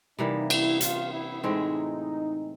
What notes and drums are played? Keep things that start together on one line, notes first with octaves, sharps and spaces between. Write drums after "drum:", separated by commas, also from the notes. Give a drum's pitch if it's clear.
C3 E3 G3 A#3 D#4
E4, drum: cymbal
F4, drum: hi-hat
E4
A2 E3 G#3 C4 D#4